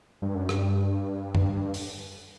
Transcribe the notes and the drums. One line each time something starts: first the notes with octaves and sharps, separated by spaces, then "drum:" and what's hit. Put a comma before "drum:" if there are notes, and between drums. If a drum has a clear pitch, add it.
G2
F#2
G2, drum: rim click
drum: tom F#2
drum: open hi-hat